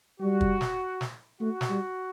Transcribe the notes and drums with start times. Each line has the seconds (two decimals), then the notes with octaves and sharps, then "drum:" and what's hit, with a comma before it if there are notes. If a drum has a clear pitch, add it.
0.20 G3 F#4
0.41 drum: kick
0.61 drum: snare
1.01 drum: snare
1.41 A3 F#4
1.61 drum: snare
1.70 G3